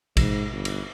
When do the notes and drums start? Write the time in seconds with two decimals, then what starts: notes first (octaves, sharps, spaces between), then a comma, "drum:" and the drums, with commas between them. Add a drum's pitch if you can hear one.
0.17 A1 G#2 B2 E7, drum: kick, cymbal
0.52 G1
0.65 drum: cymbal